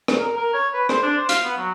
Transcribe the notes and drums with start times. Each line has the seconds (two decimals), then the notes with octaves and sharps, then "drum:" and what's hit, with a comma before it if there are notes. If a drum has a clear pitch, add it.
0.08 drum: rim click
0.19 A#4
0.37 A#4
0.54 C#5
0.74 B4
0.89 C5, drum: rim click
1.03 D4
1.17 C5
1.29 F5, drum: hi-hat
1.45 B3
1.57 F#3